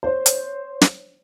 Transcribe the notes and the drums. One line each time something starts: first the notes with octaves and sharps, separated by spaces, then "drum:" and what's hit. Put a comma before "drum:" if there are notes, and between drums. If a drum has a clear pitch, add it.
C5 C#5
drum: hi-hat
drum: snare